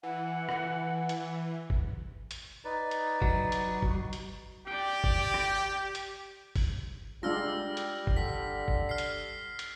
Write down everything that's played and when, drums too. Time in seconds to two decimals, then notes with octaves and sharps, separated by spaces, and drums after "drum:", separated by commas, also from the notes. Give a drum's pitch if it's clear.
0.03 E3 F#5
0.49 drum: rim click
1.09 drum: hi-hat
1.70 drum: kick F#1
2.31 drum: hi-hat
2.64 D#4 B4 D5
2.91 drum: hi-hat
3.22 F#3, drum: kick F#1
3.52 drum: hi-hat
3.82 drum: kick F#1
4.13 drum: hi-hat
4.67 G4 D5 G5
5.04 drum: kick F#1
5.34 drum: rim click
5.95 drum: hi-hat
6.56 drum: kick F#1, open hi-hat
7.23 G3 G#3 D4 F4 E6 F6 A#6
7.77 drum: hi-hat
8.07 drum: kick F#1
8.16 D3 B6
8.68 drum: kick F#1
8.89 F6 C7
8.98 drum: hi-hat
9.59 drum: hi-hat